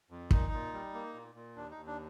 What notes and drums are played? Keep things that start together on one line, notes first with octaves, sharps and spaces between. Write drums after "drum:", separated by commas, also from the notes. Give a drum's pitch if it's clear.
F2
A#2 D#4, drum: kick
A#2
G3
A#3
A#2
A#2
D#2 D4
D#4
D#2
D4